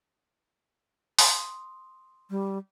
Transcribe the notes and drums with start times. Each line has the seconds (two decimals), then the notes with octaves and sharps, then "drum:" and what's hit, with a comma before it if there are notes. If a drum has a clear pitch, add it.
1.19 C6 D#6, drum: open hi-hat
2.30 G3